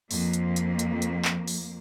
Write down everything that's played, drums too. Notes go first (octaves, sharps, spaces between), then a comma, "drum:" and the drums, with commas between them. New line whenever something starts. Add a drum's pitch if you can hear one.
F2 A#3, drum: open hi-hat
drum: hi-hat
drum: hi-hat
drum: hi-hat
drum: hi-hat
drum: clap
drum: open hi-hat